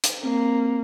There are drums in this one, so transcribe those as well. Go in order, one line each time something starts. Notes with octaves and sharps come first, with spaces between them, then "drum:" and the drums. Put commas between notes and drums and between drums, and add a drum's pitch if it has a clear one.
drum: hi-hat
A#3 C4